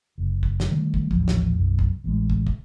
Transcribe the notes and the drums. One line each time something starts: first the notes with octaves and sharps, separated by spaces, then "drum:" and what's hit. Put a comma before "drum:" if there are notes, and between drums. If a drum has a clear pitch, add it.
F#1
drum: kick
drum: snare
D#3 G3 A3
drum: kick
D#1 A1 F2 F3, drum: kick
drum: snare
B1 F#2
drum: kick
A1 G#3
drum: kick
drum: kick